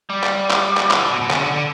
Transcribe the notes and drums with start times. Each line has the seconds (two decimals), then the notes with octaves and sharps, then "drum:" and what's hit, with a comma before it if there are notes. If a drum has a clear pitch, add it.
0.10 G3
0.24 drum: clap
0.51 drum: clap
0.77 drum: clap
0.91 E3, drum: clap
1.00 D3
1.11 B2
1.21 B2
1.31 C#3, drum: clap
1.41 D3
1.52 D3